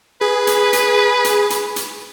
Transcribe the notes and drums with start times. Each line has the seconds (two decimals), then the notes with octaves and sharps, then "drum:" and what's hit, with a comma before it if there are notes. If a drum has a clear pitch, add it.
0.21 G#4 B4
0.47 drum: hi-hat
0.73 drum: hi-hat
1.24 drum: hi-hat
1.50 drum: hi-hat
1.76 drum: hi-hat